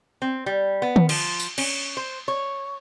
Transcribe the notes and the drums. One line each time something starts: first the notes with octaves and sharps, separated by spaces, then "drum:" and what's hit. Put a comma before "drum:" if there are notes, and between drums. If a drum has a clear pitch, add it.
C4
G3
B3
drum: tom
F3, drum: cymbal
drum: tambourine
C#4, drum: cymbal
C5
C#5